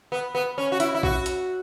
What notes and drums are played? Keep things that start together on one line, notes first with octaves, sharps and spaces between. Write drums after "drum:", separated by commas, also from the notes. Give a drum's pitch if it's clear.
B3
B3
C#4
F#4
E4, drum: hi-hat
E4
F#4, drum: kick A#1
drum: hi-hat